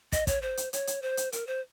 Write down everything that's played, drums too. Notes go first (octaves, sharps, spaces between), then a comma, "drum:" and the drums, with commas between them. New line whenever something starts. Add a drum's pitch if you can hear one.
D#5, drum: kick, hi-hat
C#5, drum: kick, hi-hat
C5
drum: hi-hat
C#5, drum: hi-hat
drum: hi-hat
C5
drum: hi-hat
A#4, drum: hi-hat
C5